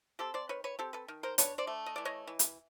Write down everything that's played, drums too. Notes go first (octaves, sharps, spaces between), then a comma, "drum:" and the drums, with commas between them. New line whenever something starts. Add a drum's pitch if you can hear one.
C4 G4 A4
C5 D5
D#3 B4 C#5
B4 C#5
C4 G4 A4
A4 B4
D#3
A#4 C5
D4 B4 C#5, drum: hi-hat
C5 D5
A3
D#5
E3 D5
C#5 D#5
E3
drum: hi-hat